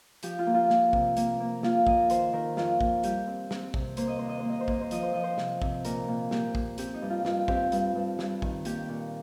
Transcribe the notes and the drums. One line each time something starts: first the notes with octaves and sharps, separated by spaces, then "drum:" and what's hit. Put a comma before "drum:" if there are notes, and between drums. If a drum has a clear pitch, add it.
F3 G4, drum: hi-hat
F4
A#3
F4
A#3, drum: snare
C3, drum: kick A1
A#3, drum: hi-hat
A#3
A#3 F4, drum: snare
A#3 D#5, drum: kick A1
D#3 C5, drum: hi-hat
D#3 A#4
F2 F4, drum: snare
A#3, drum: kick A1
G3 G4, drum: hi-hat
C4
C4, drum: snare
C3, drum: kick A1
A#3 C5, drum: hi-hat
D#5
D#2 C5
D#5
A#3 C5
D#5
C5
A#3 D#5, drum: kick A1
C5
F3 D#5, drum: hi-hat
C5
F3 D#5
C5
C3, drum: snare
C3, drum: kick A1
A#2 A#4, drum: hi-hat
A#2
A#3 G4, drum: snare
A#3, drum: kick A1
C4 G4, drum: hi-hat
D#4
G2
F4
G2 F4, drum: snare
C4 G4, drum: kick A1
G2, drum: hi-hat
G2
G2, drum: snare
D#3, drum: kick A1
A#3 G4, drum: hi-hat
A#2